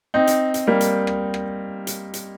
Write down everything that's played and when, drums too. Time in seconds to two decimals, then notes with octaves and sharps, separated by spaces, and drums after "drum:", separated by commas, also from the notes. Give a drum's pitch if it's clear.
0.14 C4 D#4
0.27 drum: hi-hat
0.54 drum: hi-hat
0.67 G3 A#3
0.81 drum: hi-hat
1.07 drum: rim click
1.34 drum: rim click
1.87 drum: hi-hat
2.14 drum: hi-hat